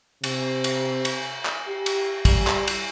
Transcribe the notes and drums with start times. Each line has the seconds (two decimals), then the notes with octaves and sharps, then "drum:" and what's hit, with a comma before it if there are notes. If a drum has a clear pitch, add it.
0.24 C3, drum: cymbal
0.64 drum: cymbal
1.05 drum: cymbal
1.46 drum: clap
1.67 G4
1.86 drum: cymbal
2.25 G3, drum: kick, cymbal
2.47 drum: clap
2.67 drum: cymbal